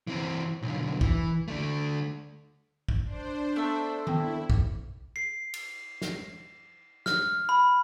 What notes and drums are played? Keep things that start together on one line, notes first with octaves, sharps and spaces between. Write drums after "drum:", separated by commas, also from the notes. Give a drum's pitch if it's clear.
E3 C4
B1 D3
E3, drum: kick A1
D3 A3
drum: kick A1
D4 C5
A3 B3 E5
B3 E4 G5, drum: tom D#3
drum: kick A1
C7
drum: cymbal
drum: snare
F6, drum: snare
B5